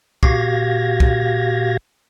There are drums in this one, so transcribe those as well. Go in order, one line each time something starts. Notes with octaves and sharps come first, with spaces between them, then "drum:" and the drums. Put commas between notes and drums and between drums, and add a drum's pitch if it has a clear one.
A#2 F#4 G4 F5 G#6 A#6, drum: kick C2
drum: kick C2